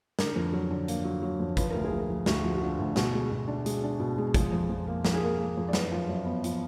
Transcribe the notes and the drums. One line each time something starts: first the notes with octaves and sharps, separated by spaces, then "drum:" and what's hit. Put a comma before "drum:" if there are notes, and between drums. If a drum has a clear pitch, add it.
D3 A#4, drum: snare
F2
F#3
D3
A#3, drum: hi-hat
F#3
F#3
F2
F3 B4, drum: kick, hi-hat
D2 A#4
G#4
F3
A#4
F3
D2 F#4, drum: snare
F3
F#4
D3 F4
D2
B2 F#4, drum: snare
G#3
B2
D4
G#3, drum: hi-hat
D4
B2
G#3
F3 G#4, drum: kick, hi-hat
F2
F2
A#3
F2 A#4, drum: snare
G#4
A#3 A#4
A#3
F2
D5
F#2 B4, drum: snare
F3
F#2
B3
F3, drum: hi-hat